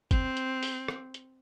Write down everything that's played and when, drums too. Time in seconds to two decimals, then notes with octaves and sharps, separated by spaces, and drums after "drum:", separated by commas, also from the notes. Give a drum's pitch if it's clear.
0.11 C4, drum: kick, hi-hat
0.37 drum: hi-hat
0.63 drum: open hi-hat
0.88 drum: rim click
1.14 drum: hi-hat